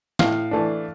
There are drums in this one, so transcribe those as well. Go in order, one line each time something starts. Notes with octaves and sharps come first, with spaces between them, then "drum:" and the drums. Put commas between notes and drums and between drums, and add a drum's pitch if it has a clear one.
A2 F5, drum: snare
E3 A3 D4